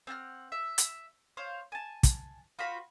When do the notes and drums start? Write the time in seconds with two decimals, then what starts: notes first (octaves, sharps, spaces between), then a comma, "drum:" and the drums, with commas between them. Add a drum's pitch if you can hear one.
0.07 C4 F#5 A5 F6
0.52 E5
0.78 drum: hi-hat
1.37 C5 C#5 F5
1.72 G#5 A5
2.03 drum: kick, hi-hat
2.59 F4 F#4 C5 B5